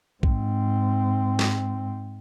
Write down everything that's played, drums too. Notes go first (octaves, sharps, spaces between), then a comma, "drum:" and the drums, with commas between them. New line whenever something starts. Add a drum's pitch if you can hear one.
G#2 C4, drum: kick A#1
drum: snare